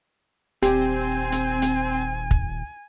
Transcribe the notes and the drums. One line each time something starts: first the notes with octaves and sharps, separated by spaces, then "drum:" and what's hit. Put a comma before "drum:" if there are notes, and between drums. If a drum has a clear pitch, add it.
D#1 C4 G4 G#5, drum: hi-hat
drum: hi-hat
drum: hi-hat
drum: kick